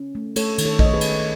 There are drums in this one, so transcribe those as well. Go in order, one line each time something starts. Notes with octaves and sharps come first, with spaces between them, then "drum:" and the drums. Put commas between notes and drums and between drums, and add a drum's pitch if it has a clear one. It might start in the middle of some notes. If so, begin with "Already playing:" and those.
Already playing: C#4
A3
A3 A4 C#5, drum: cymbal
D#3, drum: cymbal
A4 C#5
A3 D#5, drum: kick A#1
C#5
G#4 B4
C#4, drum: cymbal